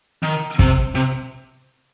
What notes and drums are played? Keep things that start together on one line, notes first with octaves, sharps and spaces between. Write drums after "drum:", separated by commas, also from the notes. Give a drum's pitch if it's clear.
D#3
C3, drum: kick
C3